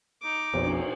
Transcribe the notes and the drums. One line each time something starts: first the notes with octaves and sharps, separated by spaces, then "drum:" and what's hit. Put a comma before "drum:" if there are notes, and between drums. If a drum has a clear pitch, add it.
D#4 D6
A#1 F2 B2, drum: cymbal